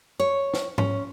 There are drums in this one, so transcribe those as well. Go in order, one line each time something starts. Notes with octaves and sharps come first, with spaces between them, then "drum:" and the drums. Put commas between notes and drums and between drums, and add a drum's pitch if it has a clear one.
C#5
drum: snare
C#4, drum: tom G#2